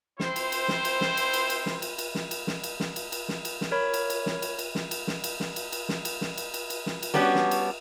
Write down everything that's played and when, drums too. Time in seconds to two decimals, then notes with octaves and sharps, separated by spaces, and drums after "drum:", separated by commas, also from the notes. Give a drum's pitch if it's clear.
0.20 C4 E4 C5, drum: snare
0.36 drum: cymbal
0.52 drum: cymbal
0.68 drum: snare
0.85 drum: cymbal
1.01 drum: snare
1.17 drum: cymbal
1.33 drum: cymbal
1.50 drum: cymbal
1.66 drum: snare
1.82 drum: cymbal
1.98 drum: cymbal
2.15 drum: snare
2.31 drum: cymbal
2.47 drum: snare
2.64 drum: cymbal
2.80 drum: snare
2.96 drum: cymbal
3.12 drum: cymbal
3.29 drum: snare
3.45 drum: cymbal
3.61 drum: snare
3.71 A#4 C#5 B5
3.94 drum: cymbal
4.10 drum: cymbal
4.26 drum: snare
4.42 drum: cymbal
4.59 drum: cymbal
4.75 drum: snare
4.91 drum: cymbal
5.07 drum: snare
5.24 drum: cymbal
5.40 drum: snare
5.56 drum: cymbal
5.72 drum: cymbal
5.89 drum: snare
6.05 drum: cymbal
6.21 drum: snare
6.37 drum: cymbal
6.54 drum: cymbal
6.70 drum: cymbal
6.86 drum: snare
7.03 drum: cymbal
7.14 G3 B3 C#4 D4 F#4
7.35 drum: snare
7.51 drum: cymbal